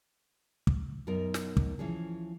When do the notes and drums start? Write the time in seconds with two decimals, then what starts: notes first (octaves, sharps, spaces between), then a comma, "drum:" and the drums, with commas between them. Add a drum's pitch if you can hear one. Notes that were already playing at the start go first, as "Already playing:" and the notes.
0.67 drum: kick
1.07 F#2 B2 D#4 A#4
1.34 drum: snare
1.57 drum: kick
1.79 E3 F3 C#4 G#4